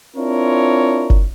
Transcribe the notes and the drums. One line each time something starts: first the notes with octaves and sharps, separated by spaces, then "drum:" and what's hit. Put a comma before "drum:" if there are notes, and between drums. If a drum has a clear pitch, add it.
C4 D4 E4 F4 A#4 C#5
drum: kick F#1